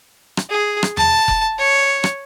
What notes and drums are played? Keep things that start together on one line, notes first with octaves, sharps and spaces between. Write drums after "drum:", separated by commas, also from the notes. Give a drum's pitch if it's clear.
drum: rim click
G#4
drum: rim click
A5, drum: tom E2
drum: kick F1
C#5
drum: rim click